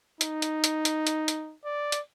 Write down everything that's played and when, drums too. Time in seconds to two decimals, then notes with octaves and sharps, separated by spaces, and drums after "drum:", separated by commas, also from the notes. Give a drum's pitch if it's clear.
0.21 D#4, drum: hi-hat
0.42 drum: hi-hat
0.64 drum: hi-hat
0.85 drum: hi-hat
1.07 drum: hi-hat
1.28 drum: hi-hat
1.65 D5
1.92 drum: hi-hat